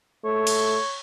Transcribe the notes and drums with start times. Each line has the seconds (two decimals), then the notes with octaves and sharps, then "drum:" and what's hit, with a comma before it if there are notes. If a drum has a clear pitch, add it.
0.25 A3 C#5
0.47 drum: cymbal